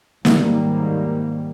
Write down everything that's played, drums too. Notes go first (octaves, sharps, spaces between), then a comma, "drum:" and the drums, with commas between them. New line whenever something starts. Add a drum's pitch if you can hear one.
G#2 D#3 F#3 G3 A#3, drum: snare